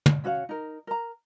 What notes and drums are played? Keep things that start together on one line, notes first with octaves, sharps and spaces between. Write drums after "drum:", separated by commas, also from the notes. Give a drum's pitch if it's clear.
drum: tom
C#4 F#4 C#5 F5
D#4 A#4
A#4 A#5